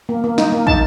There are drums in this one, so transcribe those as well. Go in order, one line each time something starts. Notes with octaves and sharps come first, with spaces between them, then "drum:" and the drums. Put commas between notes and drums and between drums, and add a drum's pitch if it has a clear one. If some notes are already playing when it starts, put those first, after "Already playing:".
A#3
A#3
D#4, drum: snare
A#3
D#4 A5, drum: kick